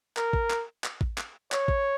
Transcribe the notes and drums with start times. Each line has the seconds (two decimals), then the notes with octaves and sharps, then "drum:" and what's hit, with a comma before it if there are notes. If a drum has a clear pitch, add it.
0.17 A#4, drum: clap
0.33 drum: kick A1
0.50 drum: clap
0.84 drum: clap
1.01 drum: kick A1
1.18 drum: clap
1.52 C#5, drum: clap
1.68 drum: kick A1